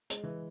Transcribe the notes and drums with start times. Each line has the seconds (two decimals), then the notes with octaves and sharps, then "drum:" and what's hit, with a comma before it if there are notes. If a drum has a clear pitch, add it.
0.10 G#3, drum: hi-hat
0.23 E3